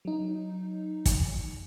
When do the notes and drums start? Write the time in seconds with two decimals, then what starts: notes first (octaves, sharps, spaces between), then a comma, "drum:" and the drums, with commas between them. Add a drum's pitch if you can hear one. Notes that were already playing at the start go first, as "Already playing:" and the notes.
0.05 F#3 D#4
1.06 drum: kick, hi-hat